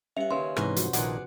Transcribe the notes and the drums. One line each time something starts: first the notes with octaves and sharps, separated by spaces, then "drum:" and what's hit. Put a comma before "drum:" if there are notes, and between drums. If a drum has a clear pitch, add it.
G2 C#4 E5 F#5 C#7
D#2 C#3 C#4 B4 C#5 C6
G#2 C3 E3 C#4 D#5, drum: rim click
F3 F#4 C5, drum: hi-hat
A#1 A#2 D#3 B3 G#4 D5 F#5, drum: hi-hat